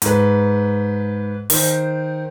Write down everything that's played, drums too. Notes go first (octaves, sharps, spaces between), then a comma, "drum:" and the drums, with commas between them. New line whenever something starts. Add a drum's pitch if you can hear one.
G#2 B4, drum: hi-hat
D#3 C5, drum: open hi-hat